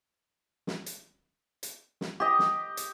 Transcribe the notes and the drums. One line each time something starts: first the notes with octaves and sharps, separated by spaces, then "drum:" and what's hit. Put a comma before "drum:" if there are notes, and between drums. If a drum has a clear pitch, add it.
drum: snare
drum: hi-hat
drum: hi-hat
drum: snare
G4 D#5
drum: snare
drum: hi-hat